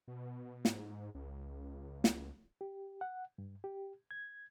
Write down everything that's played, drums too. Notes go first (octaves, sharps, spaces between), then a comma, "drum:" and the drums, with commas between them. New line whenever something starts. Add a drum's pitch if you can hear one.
B2
G#2, drum: snare
C#2
drum: snare
G4
F#5
G2
G4
G#6